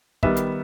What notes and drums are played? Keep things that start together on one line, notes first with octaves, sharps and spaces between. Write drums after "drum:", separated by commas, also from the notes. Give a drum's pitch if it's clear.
D#3 G3 B3 E5, drum: kick
drum: hi-hat